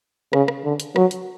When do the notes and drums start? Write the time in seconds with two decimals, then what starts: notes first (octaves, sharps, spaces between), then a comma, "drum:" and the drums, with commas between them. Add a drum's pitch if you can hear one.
0.33 C#3, drum: rim click
0.48 drum: rim click
0.64 D3
0.80 drum: hi-hat
0.96 F#3, drum: rim click
1.11 drum: hi-hat